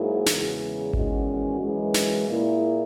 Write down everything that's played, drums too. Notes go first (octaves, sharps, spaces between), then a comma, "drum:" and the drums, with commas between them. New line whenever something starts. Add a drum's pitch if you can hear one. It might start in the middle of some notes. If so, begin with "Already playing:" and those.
Already playing: G#2 F#3 A#3 E4 G#4
E2 C#3 G#3, drum: snare
E2 D#3 G#3 C#4 F#4, drum: kick G#1
F#2 E3 G#3
drum: snare
A#2 A#3 E4 G#4